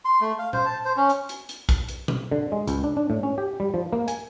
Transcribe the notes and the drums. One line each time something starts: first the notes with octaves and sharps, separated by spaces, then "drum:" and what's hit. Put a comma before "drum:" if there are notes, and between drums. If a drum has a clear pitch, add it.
C6
A3
F5
C5, drum: tom A#2
A5
C5
C#4
drum: hi-hat
drum: hi-hat
drum: hi-hat
drum: kick, hi-hat
drum: hi-hat
drum: tom B2
D3
G#3
C#2, drum: hi-hat
D4
D4
A2
C#4
G4
G3
F3
A#3
G#5, drum: hi-hat